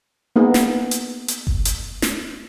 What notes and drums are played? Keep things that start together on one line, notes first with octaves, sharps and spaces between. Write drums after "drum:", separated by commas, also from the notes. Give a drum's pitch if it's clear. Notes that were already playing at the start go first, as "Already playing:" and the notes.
A#3 B3 D#4 G#4
drum: snare
drum: hi-hat
drum: hi-hat
drum: kick F#1
drum: hi-hat
drum: snare